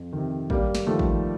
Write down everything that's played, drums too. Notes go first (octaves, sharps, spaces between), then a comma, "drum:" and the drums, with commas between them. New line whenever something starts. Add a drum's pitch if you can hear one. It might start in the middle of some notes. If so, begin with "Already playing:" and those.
Already playing: F2
C3 D#3
G2 G3 A#3, drum: kick
drum: snare
D#3 F3 A3
drum: kick